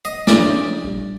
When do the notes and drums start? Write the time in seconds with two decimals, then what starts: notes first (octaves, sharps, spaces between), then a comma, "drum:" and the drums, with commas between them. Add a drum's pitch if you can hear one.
0.05 D#5
0.27 F3 C#4 D4 D5, drum: snare
0.51 C#4
0.84 A#1 G3